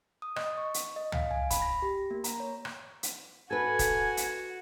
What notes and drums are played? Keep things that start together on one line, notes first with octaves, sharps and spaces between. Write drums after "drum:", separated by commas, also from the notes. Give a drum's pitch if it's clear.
D#6
D#5, drum: rim click
C#6
drum: hi-hat
D#5
F5, drum: tom C#2
G#5
B5, drum: kick, hi-hat
A#6
G4
A#3
A#5, drum: hi-hat
C#5
drum: rim click
drum: hi-hat
F#4 A4 B4 G#5
drum: kick, hi-hat
drum: hi-hat